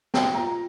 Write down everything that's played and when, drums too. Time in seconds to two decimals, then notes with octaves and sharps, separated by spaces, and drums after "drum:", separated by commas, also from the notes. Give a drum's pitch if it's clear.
0.14 G5, drum: snare
0.35 F4 A#5